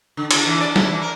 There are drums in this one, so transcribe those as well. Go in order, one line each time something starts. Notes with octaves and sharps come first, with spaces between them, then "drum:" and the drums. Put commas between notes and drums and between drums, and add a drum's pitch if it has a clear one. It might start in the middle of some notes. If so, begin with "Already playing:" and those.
D3
D3, drum: cymbal
E3
D5
E4, drum: snare
E3
A#4